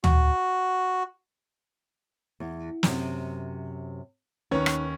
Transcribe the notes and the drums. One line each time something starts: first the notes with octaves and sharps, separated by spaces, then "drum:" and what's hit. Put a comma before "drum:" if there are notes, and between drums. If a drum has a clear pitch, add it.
F#4, drum: tom
E2
F#2 C3, drum: snare
D#2 C#4 D#4 B4 C#5
drum: rim click